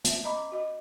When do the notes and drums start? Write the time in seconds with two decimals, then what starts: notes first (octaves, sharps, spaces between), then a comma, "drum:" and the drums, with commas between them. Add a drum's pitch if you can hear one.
0.04 C#4 E5, drum: hi-hat
0.24 D#5 A#5 B5 D6
0.52 F#4 D#5